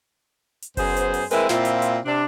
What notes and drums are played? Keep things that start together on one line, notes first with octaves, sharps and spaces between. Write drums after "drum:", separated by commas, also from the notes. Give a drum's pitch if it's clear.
drum: hi-hat
F#2 B3 G#4 C5, drum: kick F#1, open hi-hat
drum: hi-hat
drum: open hi-hat
G#3 C4 E4 A#4 B4, drum: hi-hat
A#2 C4 E4 F4, drum: snare
drum: hi-hat
drum: hi-hat
C3 D4